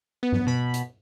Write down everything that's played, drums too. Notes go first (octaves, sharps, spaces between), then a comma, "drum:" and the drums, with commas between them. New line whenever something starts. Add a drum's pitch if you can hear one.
B3
drum: tom G2
B2 B5
drum: hi-hat